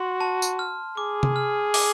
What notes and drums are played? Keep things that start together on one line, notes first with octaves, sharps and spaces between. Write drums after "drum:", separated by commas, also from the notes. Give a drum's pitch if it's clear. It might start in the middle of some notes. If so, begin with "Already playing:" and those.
Already playing: F#4 C6
A5
drum: tambourine
F6
G#4 D6
drum: tom C3
F6
D6, drum: open hi-hat